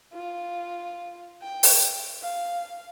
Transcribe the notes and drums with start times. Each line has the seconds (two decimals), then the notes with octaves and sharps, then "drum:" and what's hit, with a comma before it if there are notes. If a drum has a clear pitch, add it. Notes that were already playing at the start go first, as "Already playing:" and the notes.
0.13 F4
1.42 G5
1.63 drum: open hi-hat
2.22 F5